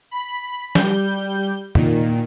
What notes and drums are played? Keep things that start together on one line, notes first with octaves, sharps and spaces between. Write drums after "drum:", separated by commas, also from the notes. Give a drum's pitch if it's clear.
B5
G3 G6, drum: snare
A#2 D#3, drum: tom